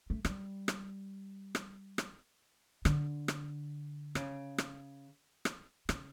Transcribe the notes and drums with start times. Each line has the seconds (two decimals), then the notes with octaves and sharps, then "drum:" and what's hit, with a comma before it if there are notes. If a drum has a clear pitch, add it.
0.10 A3
0.25 G3, drum: rim click
0.68 drum: rim click
1.55 drum: rim click
1.98 drum: rim click
2.85 D3, drum: rim click
3.28 drum: rim click
4.15 C#3, drum: rim click
4.58 drum: rim click
5.45 drum: rim click
5.89 C#3, drum: rim click